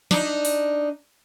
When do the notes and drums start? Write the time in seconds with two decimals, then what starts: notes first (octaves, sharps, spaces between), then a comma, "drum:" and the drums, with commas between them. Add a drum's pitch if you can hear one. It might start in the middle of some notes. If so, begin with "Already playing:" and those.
0.11 D4 D#4, drum: snare
0.45 drum: open hi-hat